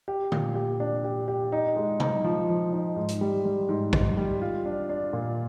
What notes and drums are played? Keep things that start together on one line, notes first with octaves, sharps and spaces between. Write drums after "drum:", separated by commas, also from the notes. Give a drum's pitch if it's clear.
G4
A#2, drum: tom D3
G4
D4
G4
G4
D#4
G#3
D#4, drum: tom C3
F3
F3
D#4
G#2
drum: hi-hat
G3
G3
G#2
G#2, drum: kick
G3
F4
D4
D4
A#2